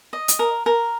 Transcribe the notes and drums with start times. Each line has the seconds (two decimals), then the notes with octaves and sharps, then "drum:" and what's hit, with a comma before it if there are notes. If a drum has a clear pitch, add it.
0.13 D#5
0.28 drum: hi-hat
0.39 A#4
0.66 A#4